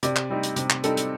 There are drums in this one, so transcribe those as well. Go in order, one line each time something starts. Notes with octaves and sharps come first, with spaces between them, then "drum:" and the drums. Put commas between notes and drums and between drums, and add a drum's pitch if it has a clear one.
C3 D5, drum: hi-hat
drum: clap
G3 C4 D#4
drum: hi-hat
C3, drum: hi-hat
drum: clap
G3 C4 D#4 A4, drum: hi-hat
drum: hi-hat